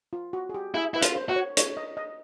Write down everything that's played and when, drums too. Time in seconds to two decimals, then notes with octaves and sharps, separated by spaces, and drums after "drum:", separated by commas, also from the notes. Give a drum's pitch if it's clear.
0.13 F4
0.33 F#4
0.49 G#4
0.54 G4
0.74 E4 G#4
0.94 E4 B4
1.03 F4, drum: hi-hat
1.16 C5
1.29 F#4
1.36 C#5
1.57 C#5, drum: hi-hat
1.77 D#5
1.97 D#5